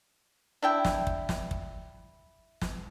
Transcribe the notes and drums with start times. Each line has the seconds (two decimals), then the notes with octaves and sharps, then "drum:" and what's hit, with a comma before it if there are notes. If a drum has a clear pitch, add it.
0.62 D4 E4 G5
0.85 drum: snare
1.07 drum: kick
1.29 drum: snare
1.51 drum: kick
2.62 drum: snare